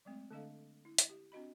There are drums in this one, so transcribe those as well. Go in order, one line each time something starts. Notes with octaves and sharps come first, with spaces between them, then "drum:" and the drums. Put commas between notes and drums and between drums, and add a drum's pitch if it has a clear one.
F#3 G#3 A3 C4
D3 A3 D4 A4 D#5 F5
E4
drum: hi-hat
G4
C4 D4 F#4 D#5 B5